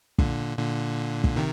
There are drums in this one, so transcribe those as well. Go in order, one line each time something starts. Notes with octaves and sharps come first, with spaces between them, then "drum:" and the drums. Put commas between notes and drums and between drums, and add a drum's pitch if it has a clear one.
A#2 D3, drum: kick
A#2 D3
drum: kick
C3 D#3